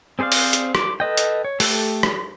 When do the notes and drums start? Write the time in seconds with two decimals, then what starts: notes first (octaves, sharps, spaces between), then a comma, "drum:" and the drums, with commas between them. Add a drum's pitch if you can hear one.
0.19 C4 G#4 C5 D5 F5
0.32 drum: open hi-hat
0.53 drum: hi-hat
0.75 D6, drum: rim click
1.00 A4 B4 D#5 G5
1.17 drum: hi-hat
1.44 C#5
1.60 A3 G4 A4 E6, drum: open hi-hat
2.03 drum: rim click